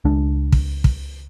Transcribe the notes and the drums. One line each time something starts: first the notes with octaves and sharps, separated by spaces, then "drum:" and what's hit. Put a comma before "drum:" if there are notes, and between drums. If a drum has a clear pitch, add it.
C#2 G#3 D4
drum: kick
drum: kick